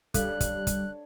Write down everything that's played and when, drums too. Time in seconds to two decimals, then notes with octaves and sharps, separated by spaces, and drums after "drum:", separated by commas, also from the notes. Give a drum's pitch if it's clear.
0.14 G3 D4 A4 C#5 F5 F#6, drum: kick, hi-hat
0.40 drum: kick, hi-hat
0.67 drum: kick, hi-hat